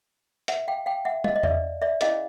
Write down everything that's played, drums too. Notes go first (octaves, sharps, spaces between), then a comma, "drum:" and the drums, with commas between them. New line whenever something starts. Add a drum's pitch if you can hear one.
E5 F#5, drum: hi-hat
F5 G5
F5 G5
E5 F#5
D#5 F5, drum: tom
D#5
D5 E5, drum: tom E2
D5 E5
C#4 E4 G#4 D#5 F5, drum: hi-hat